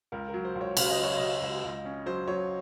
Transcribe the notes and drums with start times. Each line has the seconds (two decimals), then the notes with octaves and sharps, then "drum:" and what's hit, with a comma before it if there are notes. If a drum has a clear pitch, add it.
0.12 C#2 A#4
0.28 A#4
0.34 F#3
0.45 C5
0.55 C#2
0.61 C#5
0.77 C#3 F5, drum: cymbal
0.90 D#5
0.98 F#3
1.04 C#5
1.17 C#3 D#5
1.42 C#2
1.64 C#2
1.85 C#4
2.06 F#3 C5
2.28 F#3 C#5